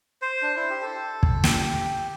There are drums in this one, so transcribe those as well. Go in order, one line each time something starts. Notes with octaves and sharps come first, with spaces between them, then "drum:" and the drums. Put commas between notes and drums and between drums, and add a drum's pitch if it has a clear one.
C5
D4
E4
G4
A4
drum: kick
G4, drum: snare